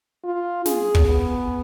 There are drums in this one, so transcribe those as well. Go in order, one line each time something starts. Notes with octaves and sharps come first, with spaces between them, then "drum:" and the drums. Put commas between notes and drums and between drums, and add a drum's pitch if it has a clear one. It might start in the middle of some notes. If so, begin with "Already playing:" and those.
F4
G#4, drum: snare
drum: kick
B3